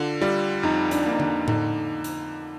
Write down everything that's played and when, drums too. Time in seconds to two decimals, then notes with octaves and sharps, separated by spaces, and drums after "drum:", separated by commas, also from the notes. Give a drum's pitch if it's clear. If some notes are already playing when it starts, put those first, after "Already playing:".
Already playing: D3 F4
0.21 G3 F4
0.63 F2 D#4
0.91 D4, drum: hi-hat
1.06 A#3
1.11 D#4
1.20 D4, drum: tom D3
1.48 D3 D#4, drum: tom A2
2.04 drum: hi-hat